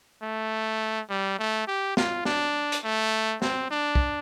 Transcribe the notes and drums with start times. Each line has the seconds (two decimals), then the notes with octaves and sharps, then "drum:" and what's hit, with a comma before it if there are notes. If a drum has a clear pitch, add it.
0.22 A3
1.09 G3
1.39 A3
1.67 G4
1.97 F4, drum: snare
2.25 D4, drum: snare
2.72 drum: hi-hat
2.84 A3
3.42 C4, drum: snare
3.71 D4
3.95 drum: kick